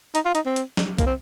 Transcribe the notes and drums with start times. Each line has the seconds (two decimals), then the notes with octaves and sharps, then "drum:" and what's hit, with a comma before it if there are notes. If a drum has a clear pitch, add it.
0.15 D#4, drum: hi-hat
0.25 F4
0.35 D#4, drum: hi-hat
0.46 C4
0.56 drum: hi-hat
0.77 drum: snare
0.98 A#3, drum: kick C2, hi-hat
1.06 C4